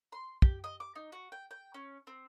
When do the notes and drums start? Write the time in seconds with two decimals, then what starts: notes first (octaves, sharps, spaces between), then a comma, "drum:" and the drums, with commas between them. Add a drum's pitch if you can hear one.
0.12 C6
0.42 G4, drum: kick
0.64 D#5
0.80 D6
0.96 D#4
1.12 F#4
1.32 G5
1.51 G5
1.74 C#4
2.07 C4